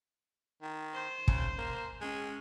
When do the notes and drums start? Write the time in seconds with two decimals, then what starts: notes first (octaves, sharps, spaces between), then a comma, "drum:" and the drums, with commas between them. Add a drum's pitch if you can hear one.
0.62 D#3
0.94 C5
1.28 C#3, drum: kick
1.58 A#3
2.01 G#3 C#4